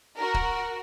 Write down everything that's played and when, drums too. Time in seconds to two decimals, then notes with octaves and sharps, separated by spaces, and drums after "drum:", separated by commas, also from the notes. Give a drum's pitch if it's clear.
0.17 F#4 A#4
0.34 drum: kick D1